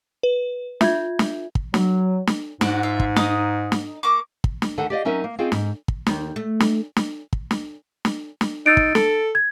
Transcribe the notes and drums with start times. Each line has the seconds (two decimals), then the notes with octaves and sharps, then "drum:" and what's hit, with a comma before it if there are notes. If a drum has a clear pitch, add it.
0.23 B4
0.81 F4 E5 G6 G#6, drum: snare
1.19 drum: snare
1.55 drum: kick
1.74 F#3, drum: snare
2.27 drum: snare
2.61 G#2 F#4 D5 F#5, drum: snare
2.83 F4 E5
3.00 drum: kick
3.16 D#4 D#5 D#6, drum: snare
3.72 drum: snare
4.03 A#3 C#6 D6
4.44 drum: kick
4.62 drum: snare
4.77 D2 D#3 A4 F#5
4.90 G4 D5 D#5 F5
5.05 F#3 C#4 D#4 A#4 E5
5.24 A#3
5.39 C4 C#4 D#4 F4 G#4 G5
5.52 G#2, drum: snare
5.88 drum: kick
6.07 D#2, drum: snare
6.36 A3
6.60 drum: snare
6.97 drum: snare
7.33 drum: kick
7.51 drum: snare
8.05 drum: snare
8.41 drum: snare
8.66 D#4 E6 A6 D7
8.77 drum: kick
8.95 A4, drum: snare
9.35 G#6